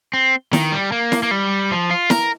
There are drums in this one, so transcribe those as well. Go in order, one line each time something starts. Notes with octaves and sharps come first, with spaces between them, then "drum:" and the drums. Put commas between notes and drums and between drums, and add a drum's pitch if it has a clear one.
C4
D#3, drum: snare E4
G3
A#3
drum: snare E4
A#3
G3
F3
F4
A#4, drum: snare E4